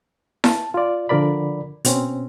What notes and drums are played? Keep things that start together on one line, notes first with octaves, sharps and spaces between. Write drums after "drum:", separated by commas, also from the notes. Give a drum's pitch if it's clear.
A5, drum: snare E4
F4 D5
D3 F3 A#4 D5 B5
B2 C4 C#4, drum: hi-hat